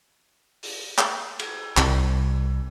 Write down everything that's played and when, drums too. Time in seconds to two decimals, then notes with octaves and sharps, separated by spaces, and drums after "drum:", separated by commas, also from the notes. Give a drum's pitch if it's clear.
0.63 drum: open hi-hat
0.98 drum: clap
1.39 drum: cymbal
1.77 C2, drum: clap